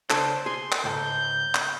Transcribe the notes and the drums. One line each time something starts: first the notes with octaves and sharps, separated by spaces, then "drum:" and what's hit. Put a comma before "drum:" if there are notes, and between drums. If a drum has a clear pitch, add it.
C#2 D4 A4 C5, drum: clap
G#4 C6
drum: clap
C#2 G#2 A4 G6
drum: clap